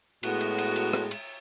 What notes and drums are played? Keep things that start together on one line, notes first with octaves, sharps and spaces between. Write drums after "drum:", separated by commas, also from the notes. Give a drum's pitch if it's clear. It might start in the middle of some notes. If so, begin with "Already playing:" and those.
A2 G#3 B3 F#4, drum: cymbal
drum: cymbal
drum: cymbal
drum: cymbal
drum: rim click
drum: cymbal